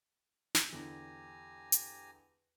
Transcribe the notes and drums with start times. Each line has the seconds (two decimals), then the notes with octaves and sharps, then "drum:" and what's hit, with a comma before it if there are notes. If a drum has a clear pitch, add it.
0.55 drum: snare
0.72 E2 D3 G4 G#5 A#5
1.72 drum: hi-hat